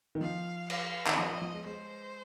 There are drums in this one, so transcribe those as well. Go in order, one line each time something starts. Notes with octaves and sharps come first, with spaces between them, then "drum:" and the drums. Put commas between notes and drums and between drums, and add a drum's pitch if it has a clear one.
D#3
F3 F5
F5, drum: cymbal
D#3, drum: clap
F3 D#5
F3
F3
G#3
G#3 C5